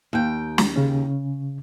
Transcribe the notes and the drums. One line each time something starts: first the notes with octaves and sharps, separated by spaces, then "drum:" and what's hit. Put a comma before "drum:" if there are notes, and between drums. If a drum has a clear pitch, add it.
D#2 G5
drum: snare
C#3 C#4